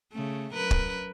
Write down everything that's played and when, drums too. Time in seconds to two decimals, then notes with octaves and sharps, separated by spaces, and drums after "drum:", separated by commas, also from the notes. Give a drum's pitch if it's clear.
0.13 C#3 A3
0.54 F#2 A#4 B4
0.71 drum: kick